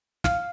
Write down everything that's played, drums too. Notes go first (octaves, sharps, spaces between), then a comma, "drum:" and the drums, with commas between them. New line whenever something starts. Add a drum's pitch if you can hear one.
F5, drum: snare